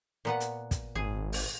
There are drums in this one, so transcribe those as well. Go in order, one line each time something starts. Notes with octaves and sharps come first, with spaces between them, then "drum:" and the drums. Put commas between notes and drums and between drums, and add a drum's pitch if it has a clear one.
A#2 B3 F#5
drum: hi-hat
drum: kick, hi-hat
G#1 G#4
drum: open hi-hat